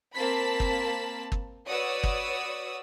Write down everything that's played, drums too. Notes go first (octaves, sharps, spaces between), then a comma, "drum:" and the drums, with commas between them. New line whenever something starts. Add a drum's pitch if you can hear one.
A#3 C4 A5 B5 B6
drum: kick
drum: kick
F#4 B4 C#5 D5 D#6 E6
drum: kick